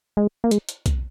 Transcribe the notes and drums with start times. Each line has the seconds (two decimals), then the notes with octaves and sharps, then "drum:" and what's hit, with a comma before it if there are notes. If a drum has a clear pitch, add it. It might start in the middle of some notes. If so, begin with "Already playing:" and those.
0.17 G#3
0.44 A#3
0.51 G#3, drum: hi-hat
0.69 drum: hi-hat
0.86 drum: kick, hi-hat